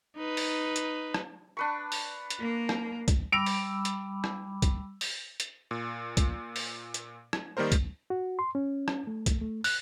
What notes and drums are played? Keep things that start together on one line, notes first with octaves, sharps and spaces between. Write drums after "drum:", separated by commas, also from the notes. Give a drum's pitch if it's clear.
D#4 B4
drum: open hi-hat
drum: hi-hat
drum: rim click
D4 B4 C#6
drum: open hi-hat
drum: hi-hat
A#3
drum: rim click
drum: kick, hi-hat
G3 B5 D6 E6 D7 F7
drum: open hi-hat
drum: hi-hat
drum: rim click
drum: kick, hi-hat
drum: open hi-hat
drum: hi-hat
A#2
drum: kick, hi-hat
drum: open hi-hat
drum: hi-hat
drum: rim click
D#3 G3 A#3 A#4 C5
drum: kick, hi-hat
F#4
C6
C#4
drum: rim click
A3
drum: kick, hi-hat
A3
F#6, drum: open hi-hat